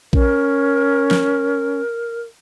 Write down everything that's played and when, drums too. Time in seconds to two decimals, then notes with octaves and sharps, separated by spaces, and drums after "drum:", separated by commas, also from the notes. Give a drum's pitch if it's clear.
0.13 C#4 A#4, drum: kick
1.11 drum: snare